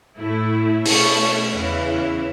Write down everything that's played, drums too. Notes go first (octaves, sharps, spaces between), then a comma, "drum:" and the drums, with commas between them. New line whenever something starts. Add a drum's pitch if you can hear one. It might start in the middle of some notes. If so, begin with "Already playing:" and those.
A2 A3 E4
B2 A3 C#4 E4 A5 C#6, drum: open hi-hat
E2 C#3 E3 C#4 E4